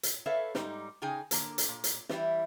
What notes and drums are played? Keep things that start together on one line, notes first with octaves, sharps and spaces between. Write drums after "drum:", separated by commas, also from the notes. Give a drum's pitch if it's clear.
drum: hi-hat
A4 B4 C#5 E5 F5
G#2 G3 D#4, drum: snare
C#3 D#4 G#4 G5 G#5
D3 A#3, drum: hi-hat
drum: hi-hat
A#2
drum: hi-hat
E3 G3 E4, drum: snare